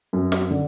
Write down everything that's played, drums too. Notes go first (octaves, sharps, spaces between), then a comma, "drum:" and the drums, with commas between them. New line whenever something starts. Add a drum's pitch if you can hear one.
F#2
drum: snare
D3